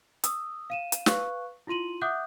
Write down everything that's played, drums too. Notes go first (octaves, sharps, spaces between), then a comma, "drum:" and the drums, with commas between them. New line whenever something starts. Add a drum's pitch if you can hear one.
D#6 E6, drum: hi-hat
F5 D#7 E7
drum: hi-hat
B4 F5 C#6 F#6, drum: snare
E4 F4 C6 D#7 F#7
E5 F#5 D6 D#6 F#6 G6